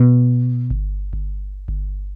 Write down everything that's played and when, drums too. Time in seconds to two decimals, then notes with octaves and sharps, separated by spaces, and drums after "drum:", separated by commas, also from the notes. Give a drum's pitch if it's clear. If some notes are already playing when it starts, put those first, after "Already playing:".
Already playing: B2
0.71 drum: kick G1
1.13 drum: kick G1
1.68 drum: kick G1